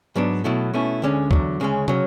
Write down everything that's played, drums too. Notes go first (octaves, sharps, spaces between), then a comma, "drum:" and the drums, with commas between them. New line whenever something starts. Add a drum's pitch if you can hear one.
G#2 F#3 B3 D4
B2 F#3 A3 E4
B2 A3 C#4 E4
D2 D3 G#3 C#4
E2 D3 F#3, drum: kick
D2 C#3 G#3 C#4
C#3 F#3 C#4, drum: tom